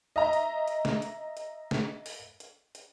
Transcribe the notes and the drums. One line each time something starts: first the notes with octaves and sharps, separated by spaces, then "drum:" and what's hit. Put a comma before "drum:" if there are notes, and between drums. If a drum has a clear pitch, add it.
D#5 E5 A#5
drum: hi-hat
drum: hi-hat
drum: snare
drum: hi-hat
drum: hi-hat
drum: snare
drum: open hi-hat
drum: hi-hat
drum: hi-hat